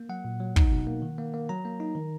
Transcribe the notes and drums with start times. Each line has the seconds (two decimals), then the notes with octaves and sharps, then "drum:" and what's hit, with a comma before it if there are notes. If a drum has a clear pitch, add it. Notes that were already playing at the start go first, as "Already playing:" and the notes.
Already playing: A#3
0.09 F#3 F#5
0.25 A#2
0.40 F#3
0.56 D#4, drum: kick
0.72 B2
0.87 A#3
1.02 D#3
1.18 A#3
1.34 A#3
1.49 F#3 A#5
1.65 A#3
1.80 D#4
1.95 D#3